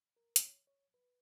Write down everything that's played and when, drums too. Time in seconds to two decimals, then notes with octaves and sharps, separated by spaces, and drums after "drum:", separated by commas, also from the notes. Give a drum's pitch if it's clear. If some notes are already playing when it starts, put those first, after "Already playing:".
0.16 A#4
0.36 D#5, drum: hi-hat
0.42 C#5
0.67 C#5
0.94 B4